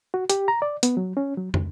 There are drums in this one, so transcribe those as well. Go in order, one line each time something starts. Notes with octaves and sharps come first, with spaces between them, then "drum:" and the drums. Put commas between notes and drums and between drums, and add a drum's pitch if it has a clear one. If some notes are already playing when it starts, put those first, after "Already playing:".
F#4
G4, drum: hi-hat
A#5
D5
B3, drum: hi-hat
F#3
C#4
F#3
C#2, drum: tom